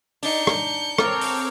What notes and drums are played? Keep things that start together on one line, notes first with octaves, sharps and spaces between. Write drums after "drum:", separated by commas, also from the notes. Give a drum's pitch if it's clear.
D4 D#4 G6 C#7, drum: open hi-hat
drum: rim click
C4 A4 A#4 C#5 A#5 D6 F6, drum: rim click
drum: open hi-hat